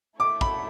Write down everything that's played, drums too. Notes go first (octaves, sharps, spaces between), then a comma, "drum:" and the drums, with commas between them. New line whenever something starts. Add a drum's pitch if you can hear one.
A3 C#4 E4 A4 C#5 D6
B5, drum: kick